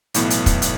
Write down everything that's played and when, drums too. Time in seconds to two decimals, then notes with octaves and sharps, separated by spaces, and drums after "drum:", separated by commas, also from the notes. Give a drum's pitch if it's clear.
0.14 B1 A2 E3 B3, drum: hi-hat
0.30 drum: hi-hat
0.46 drum: kick, hi-hat
0.62 drum: hi-hat